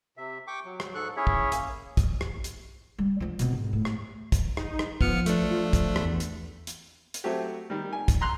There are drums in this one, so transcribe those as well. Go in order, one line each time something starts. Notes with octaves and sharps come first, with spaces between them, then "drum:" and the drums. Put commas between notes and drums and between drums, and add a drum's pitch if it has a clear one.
C3 E5
G5 C#6 D6
F#3
drum: rim click
G#2 A4 C#6 F#6
C#4 E4 G#4 C#5 E5
drum: kick
A#3 C#4, drum: hi-hat
drum: kick, hi-hat
drum: rim click
drum: hi-hat
G3
F3 D4
B2 C4, drum: hi-hat
G#1
A2
drum: rim click
drum: kick, hi-hat
D#4, drum: rim click
drum: rim click
F3 B3 F6 C#7, drum: kick
A3 D4, drum: hi-hat
F3
drum: kick, hi-hat
E2, drum: rim click
drum: hi-hat
drum: hi-hat
drum: hi-hat
F#3 A3 C4 F#4 G4
D#3 G3
G#5
drum: kick, hi-hat
A#5 C6 F#6